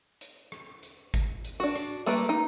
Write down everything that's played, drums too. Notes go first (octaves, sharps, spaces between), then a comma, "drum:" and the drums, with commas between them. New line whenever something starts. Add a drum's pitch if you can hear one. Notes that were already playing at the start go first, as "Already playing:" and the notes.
drum: hi-hat
drum: rim click
drum: hi-hat
drum: kick G#1, hi-hat
drum: hi-hat
D4 F#4
drum: rim click
G3 A3 A#3 B4 A#5, drum: hi-hat
D#4